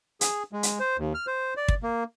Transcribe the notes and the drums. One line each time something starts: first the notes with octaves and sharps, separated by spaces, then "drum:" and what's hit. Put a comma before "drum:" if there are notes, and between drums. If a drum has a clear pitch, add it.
G#4, drum: hi-hat
G#3
drum: hi-hat
C5
D#2
F6
C5
D5
drum: kick
A#3